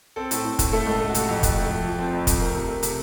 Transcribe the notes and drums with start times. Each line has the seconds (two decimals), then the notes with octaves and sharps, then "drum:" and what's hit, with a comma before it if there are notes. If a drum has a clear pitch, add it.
0.16 C4 A4
0.31 A2, drum: hi-hat
0.45 A2
0.59 A2, drum: kick, hi-hat
0.73 A3 A4
0.86 C#2
0.91 A4
1.01 A3
1.09 F#4
1.14 C3, drum: hi-hat
1.29 F2
1.43 F2, drum: kick, hi-hat
1.57 A3
1.70 F2
1.84 F3
1.99 C4
2.13 F2
2.27 C4, drum: kick, hi-hat
2.41 A3 A#4
2.55 C3
2.69 A3
2.83 C3, drum: hi-hat